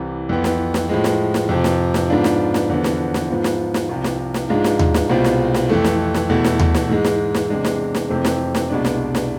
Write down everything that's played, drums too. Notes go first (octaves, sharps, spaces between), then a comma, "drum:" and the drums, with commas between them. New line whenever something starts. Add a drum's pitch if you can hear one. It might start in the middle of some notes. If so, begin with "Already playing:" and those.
Already playing: C2 C3 E3
F2 E3 B3
drum: snare
drum: snare
A2 F3 G#3
drum: snare
drum: snare
F2 C3 F3
drum: snare
drum: snare
G#2 F3 B3 D4 F4
drum: snare
drum: snare
E2 D3 F3 B3
drum: snare
drum: snare
G#2 F3 B3 F4
drum: snare
drum: snare
C2 C3 F3
drum: snare
drum: snare
G#2 F3 G#3 D4 F4
drum: snare
drum: tom D#2
drum: snare
C2 B2 G#3 C4 F4
drum: snare
drum: snare
F2 E3 A3
drum: snare
drum: snare
E2 B2 A3 E4
drum: snare
drum: tom D#2
drum: snare
G#2 E3 G#3
drum: snare
drum: snare
E2 C3 G#3 D4
drum: snare
drum: snare
F2 C3 E3 A3 C4
drum: snare
drum: snare
C2 B2 G#3 D4
drum: snare
drum: snare